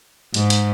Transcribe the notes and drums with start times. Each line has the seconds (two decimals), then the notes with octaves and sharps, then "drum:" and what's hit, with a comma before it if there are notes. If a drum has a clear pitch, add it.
0.34 G#2, drum: hi-hat
0.50 drum: hi-hat